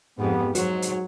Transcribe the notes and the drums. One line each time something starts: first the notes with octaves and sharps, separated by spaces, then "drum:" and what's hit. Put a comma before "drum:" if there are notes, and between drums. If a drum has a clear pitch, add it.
F2 G#2 B3 G4
G#2 F#3 F#4 C5, drum: hi-hat
drum: hi-hat